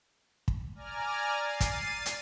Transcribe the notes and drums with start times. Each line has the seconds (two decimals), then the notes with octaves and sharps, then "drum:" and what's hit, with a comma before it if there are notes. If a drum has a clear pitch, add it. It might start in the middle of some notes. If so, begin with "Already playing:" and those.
0.48 drum: kick
0.76 D5 G#5 A#5 F6
1.38 A6 C7 D#7
1.60 drum: kick, hi-hat
2.06 drum: hi-hat